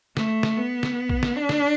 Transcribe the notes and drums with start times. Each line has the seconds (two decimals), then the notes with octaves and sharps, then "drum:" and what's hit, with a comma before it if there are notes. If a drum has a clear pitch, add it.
0.17 A3, drum: snare
0.43 drum: snare
0.57 B3
0.83 drum: snare
1.09 drum: kick
1.23 drum: snare
1.36 D4
1.49 drum: snare